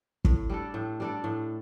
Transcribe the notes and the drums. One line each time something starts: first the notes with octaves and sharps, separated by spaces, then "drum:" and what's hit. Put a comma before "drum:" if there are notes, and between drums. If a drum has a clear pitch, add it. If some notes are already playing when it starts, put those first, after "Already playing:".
A2, drum: kick
G3 D4 A4
A2
G3 D4 A4
A2